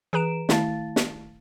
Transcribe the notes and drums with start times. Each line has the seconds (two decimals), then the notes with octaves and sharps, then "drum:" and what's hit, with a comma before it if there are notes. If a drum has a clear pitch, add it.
0.13 E3 G#4 B4 A#5 D7 E7
0.49 D#3 A3 E4 F5 A5 A6, drum: snare
0.96 drum: snare